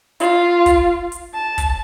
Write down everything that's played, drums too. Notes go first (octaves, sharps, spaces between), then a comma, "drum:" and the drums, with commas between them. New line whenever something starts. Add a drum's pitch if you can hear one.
F4, drum: hi-hat
drum: kick, hi-hat
drum: hi-hat
A5
drum: kick, hi-hat